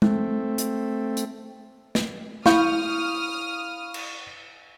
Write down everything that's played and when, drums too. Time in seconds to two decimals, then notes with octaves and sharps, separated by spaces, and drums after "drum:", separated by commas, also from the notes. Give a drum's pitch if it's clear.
0.02 A3 C4, drum: tom
0.58 drum: hi-hat
1.17 drum: hi-hat
1.95 drum: snare
2.46 E4 F5 B5 C#6 D#6 F6 G6, drum: snare
3.94 drum: cymbal